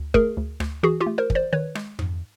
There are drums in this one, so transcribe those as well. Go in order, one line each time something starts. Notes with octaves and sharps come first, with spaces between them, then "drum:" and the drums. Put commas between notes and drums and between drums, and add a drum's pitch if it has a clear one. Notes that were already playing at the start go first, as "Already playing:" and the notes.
Already playing: D2
A3 G#4 A#4, drum: kick
D2
D2, drum: rim click
E3 F#4 G#4
F4 G4
A3
A#4 C5
E3, drum: kick
C5 D5
D#3 B4 C#5
G#3, drum: rim click
G#2, drum: tom F2